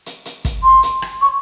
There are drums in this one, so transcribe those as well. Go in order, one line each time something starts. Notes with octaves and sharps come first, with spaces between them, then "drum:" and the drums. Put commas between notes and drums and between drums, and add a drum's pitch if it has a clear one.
drum: hi-hat
drum: hi-hat
drum: kick, hi-hat
C6
drum: hi-hat
drum: rim click
C#6